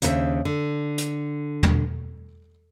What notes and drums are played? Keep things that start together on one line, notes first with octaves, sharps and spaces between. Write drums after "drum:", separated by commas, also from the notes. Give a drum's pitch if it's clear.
D#2 C#3 D4 B4 C5 E5, drum: hi-hat
D3
drum: hi-hat
drum: tom